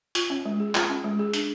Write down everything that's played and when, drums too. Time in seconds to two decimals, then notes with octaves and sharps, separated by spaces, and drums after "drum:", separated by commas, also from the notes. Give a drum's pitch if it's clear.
0.15 F4, drum: hi-hat
0.30 C#4
0.45 G#3
0.60 G#4
0.75 F4, drum: clap
0.90 C#4
1.04 G#3
1.19 G#4
1.34 D4, drum: hi-hat